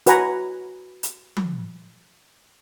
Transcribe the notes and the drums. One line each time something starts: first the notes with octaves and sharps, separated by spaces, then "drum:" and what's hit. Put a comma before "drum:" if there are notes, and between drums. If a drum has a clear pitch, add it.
F#4 B4 F#5 G#5 A#5, drum: hi-hat
drum: hi-hat
drum: tom F3